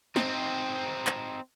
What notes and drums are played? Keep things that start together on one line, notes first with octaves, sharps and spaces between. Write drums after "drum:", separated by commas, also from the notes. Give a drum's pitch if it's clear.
C4 D#4, drum: snare
drum: clap